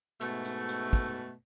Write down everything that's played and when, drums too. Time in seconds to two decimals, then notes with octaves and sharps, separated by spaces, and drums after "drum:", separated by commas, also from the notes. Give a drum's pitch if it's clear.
0.21 G#2 B2 A3, drum: hi-hat
0.45 drum: hi-hat
0.69 drum: hi-hat
0.93 drum: kick, hi-hat